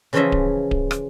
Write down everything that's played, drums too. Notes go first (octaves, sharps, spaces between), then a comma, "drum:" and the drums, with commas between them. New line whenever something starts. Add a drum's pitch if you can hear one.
C#3 E3 F3 C#4 D#5 E5
drum: kick D1
drum: kick D1
drum: rim click